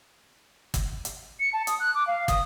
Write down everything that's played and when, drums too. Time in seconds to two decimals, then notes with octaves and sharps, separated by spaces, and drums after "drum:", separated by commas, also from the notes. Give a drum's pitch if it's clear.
0.74 drum: kick, hi-hat
1.05 drum: hi-hat
1.40 C#7
1.53 A5
1.67 D#6, drum: hi-hat
1.80 F#6
1.95 D6
2.07 F5
2.28 D#6, drum: kick, hi-hat